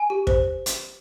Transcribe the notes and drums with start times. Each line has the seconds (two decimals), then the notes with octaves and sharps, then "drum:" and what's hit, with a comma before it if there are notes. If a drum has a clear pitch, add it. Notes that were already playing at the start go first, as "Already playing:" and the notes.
Already playing: G#5
0.10 G4
0.27 C5, drum: kick
0.66 drum: hi-hat